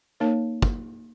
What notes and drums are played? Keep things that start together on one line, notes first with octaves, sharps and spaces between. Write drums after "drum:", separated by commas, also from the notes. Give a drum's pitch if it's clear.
A#3 D#4 A#4 C#5
drum: kick